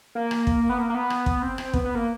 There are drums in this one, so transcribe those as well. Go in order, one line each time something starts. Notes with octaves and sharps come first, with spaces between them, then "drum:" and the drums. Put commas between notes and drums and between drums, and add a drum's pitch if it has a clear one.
A#3
drum: rim click
drum: kick
B3
A#3
A#3
B3
drum: rim click
drum: kick
C4
drum: rim click
B3, drum: kick
B3
A#3